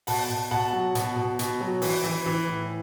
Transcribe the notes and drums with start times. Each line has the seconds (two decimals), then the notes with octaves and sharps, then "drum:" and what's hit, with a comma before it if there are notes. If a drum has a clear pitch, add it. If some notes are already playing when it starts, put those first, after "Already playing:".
0.07 B2 F#5 A5, drum: open hi-hat
0.30 B2
0.51 B2 F#5 A5
0.73 F#3
0.95 B2, drum: hi-hat
1.16 B2
1.39 B2, drum: hi-hat
1.61 F#3
1.82 E3, drum: open hi-hat
2.04 E3
2.26 E3
2.47 A2